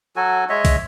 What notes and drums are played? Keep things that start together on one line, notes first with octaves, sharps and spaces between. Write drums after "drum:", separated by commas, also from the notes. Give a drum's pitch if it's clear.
F#3 F#4 A4 G#5
G#3 C#5 D#5 E5
drum: kick, open hi-hat